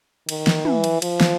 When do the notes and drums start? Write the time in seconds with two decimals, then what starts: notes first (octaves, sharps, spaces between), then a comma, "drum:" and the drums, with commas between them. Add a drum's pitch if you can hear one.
0.29 D#3, drum: cymbal
0.47 drum: snare
0.65 E3, drum: tom
0.84 drum: cymbal
1.02 F3, drum: cymbal
1.21 drum: snare